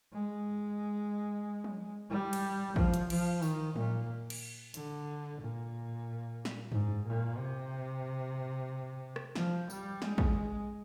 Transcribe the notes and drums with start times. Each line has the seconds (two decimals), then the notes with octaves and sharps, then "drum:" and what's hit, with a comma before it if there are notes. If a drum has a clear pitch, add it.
0.13 G#3
1.64 drum: tom F3
2.10 G3
2.33 drum: cymbal
2.76 F3, drum: kick
2.94 drum: hi-hat
3.10 F3, drum: cymbal
3.42 D#3, drum: tambourine
3.76 A#2, drum: tom F3
4.30 drum: cymbal
4.74 D3, drum: hi-hat
5.41 A#2
6.45 drum: snare
6.72 G#2, drum: tom F#2
7.06 A#2
7.38 C3
9.16 drum: rim click
9.35 F3, drum: snare
9.70 G3, drum: tambourine
10.02 G#3, drum: snare
10.18 drum: kick